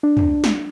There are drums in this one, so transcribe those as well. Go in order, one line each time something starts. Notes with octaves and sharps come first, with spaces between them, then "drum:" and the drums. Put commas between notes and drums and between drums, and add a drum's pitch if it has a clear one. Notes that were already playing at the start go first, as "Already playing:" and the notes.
D4
drum: tom
drum: snare